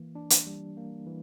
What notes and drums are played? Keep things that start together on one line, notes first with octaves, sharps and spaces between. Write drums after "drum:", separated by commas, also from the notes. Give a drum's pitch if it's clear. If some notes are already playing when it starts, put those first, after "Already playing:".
Already playing: E3 A#3
D4
drum: hi-hat
G3
A#3
E3